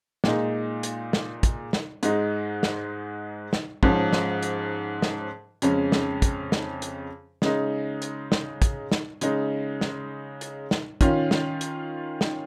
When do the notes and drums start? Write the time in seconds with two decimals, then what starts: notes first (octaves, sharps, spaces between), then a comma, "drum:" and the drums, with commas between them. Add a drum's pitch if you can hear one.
0.24 A#2 G#3 D#4, drum: snare
0.83 drum: hi-hat
1.13 drum: snare
1.43 drum: kick, hi-hat
1.73 drum: snare
2.03 G#2 G#3 D#4, drum: hi-hat
2.63 drum: snare
3.53 drum: snare
3.83 G#2 F3 C#4, drum: kick
4.13 drum: snare
4.43 drum: hi-hat
5.02 drum: snare
5.62 F2 C#3 G#3 C#4, drum: hi-hat
5.92 drum: snare
6.22 drum: kick, hi-hat
6.52 drum: snare
6.82 drum: hi-hat
7.42 C#3 G#3 D#4, drum: snare
8.02 drum: hi-hat
8.32 drum: snare
8.62 drum: kick, hi-hat
8.92 drum: snare
9.21 C#3 G#3 D#4, drum: hi-hat
9.81 drum: snare
10.41 drum: hi-hat
10.71 drum: snare
11.01 D#3 C#4 F4, drum: kick, hi-hat
11.31 drum: snare
11.61 drum: hi-hat
12.21 drum: snare